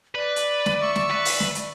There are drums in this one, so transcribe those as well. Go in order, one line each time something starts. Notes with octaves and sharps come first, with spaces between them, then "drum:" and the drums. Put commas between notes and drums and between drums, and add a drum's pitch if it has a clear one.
B4 D5
drum: hi-hat
drum: snare
E5 C#6
drum: snare
B4
drum: open hi-hat
drum: snare
drum: hi-hat